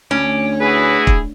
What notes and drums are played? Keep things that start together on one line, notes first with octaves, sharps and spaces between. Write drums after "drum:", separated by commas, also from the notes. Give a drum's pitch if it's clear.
D2 C#4 D6
E4 F#4 G#4 B4
drum: kick